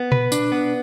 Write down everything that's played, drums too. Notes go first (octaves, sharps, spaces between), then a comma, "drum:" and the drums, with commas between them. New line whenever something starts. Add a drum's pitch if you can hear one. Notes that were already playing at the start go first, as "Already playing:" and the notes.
Already playing: B3
B4, drum: tom A#2
D4, drum: tambourine
B3